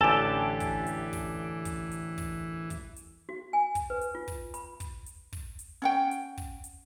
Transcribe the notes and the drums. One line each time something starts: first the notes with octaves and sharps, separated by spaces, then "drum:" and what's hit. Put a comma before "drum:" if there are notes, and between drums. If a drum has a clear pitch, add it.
A1 D3 E3 G4 A4 G#5
drum: kick, hi-hat
drum: hi-hat
drum: kick, open hi-hat
drum: kick, hi-hat
drum: hi-hat
drum: kick, open hi-hat
drum: kick, hi-hat
drum: hi-hat
F#4
G#5
drum: kick, hi-hat
B4
drum: hi-hat
F4
drum: kick, open hi-hat
B5, drum: hi-hat
drum: kick, hi-hat
drum: hi-hat
drum: kick, open hi-hat
drum: hi-hat
C#4 F#5 G5
drum: hi-hat
drum: kick, open hi-hat
drum: hi-hat